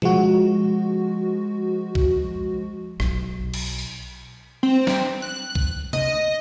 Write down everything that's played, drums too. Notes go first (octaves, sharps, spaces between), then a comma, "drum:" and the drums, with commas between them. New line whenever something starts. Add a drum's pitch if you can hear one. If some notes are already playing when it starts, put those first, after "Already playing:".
F3 G#3 F#4, drum: tom B2
drum: kick B1
B1, drum: rim click
drum: cymbal
drum: tambourine
C4
drum: snare
F#6
drum: kick B1
D#5, drum: tom C3